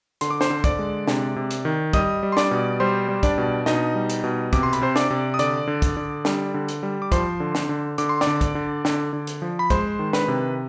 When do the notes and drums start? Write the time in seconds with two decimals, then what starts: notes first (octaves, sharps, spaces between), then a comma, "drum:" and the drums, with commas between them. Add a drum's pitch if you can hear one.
0.21 D3 C6, drum: hi-hat
0.30 D6
0.41 C5 C6, drum: snare
0.50 D3
0.64 D5 D6, drum: kick, hi-hat
0.79 G#3
1.08 C3, drum: snare
1.36 C3
1.51 drum: hi-hat
1.65 D#3
1.93 G3 D#5 D#6, drum: kick, hi-hat
2.23 G3
2.32 C6
2.37 D5 D6, drum: snare
2.51 B2
2.80 G3 C5 C6
3.09 G3
3.23 D4 D5, drum: kick, hi-hat
3.38 B2
3.66 B2 D#4 D#5, drum: snare
3.95 G3
4.10 drum: hi-hat
4.24 B2
4.53 C3 D6, drum: kick, hi-hat
4.63 C6
4.73 B5, drum: hi-hat
4.82 C3 C5 C6
4.96 D5 D6, drum: snare
5.10 C3
5.34 D#6
5.39 D3 D5 D6, drum: hi-hat
5.67 D3
5.82 drum: kick, hi-hat
5.97 D3
6.25 G3, drum: snare
6.54 D3
6.68 drum: hi-hat
6.83 G3
7.02 D6
7.12 F3 C5 C6, drum: kick, hi-hat
7.40 D3
7.55 drum: snare
7.69 D3
7.98 D3 D6, drum: hi-hat
8.09 C6
8.21 D5 D6, drum: snare
8.27 D3
8.41 drum: kick, hi-hat
8.55 D3
8.85 D3, drum: snare
9.13 D3
9.27 drum: hi-hat
9.42 F3
9.59 B5
9.70 G#3 C5 C6, drum: kick, hi-hat
9.99 D#3
10.13 B4 B5, drum: snare
10.28 C3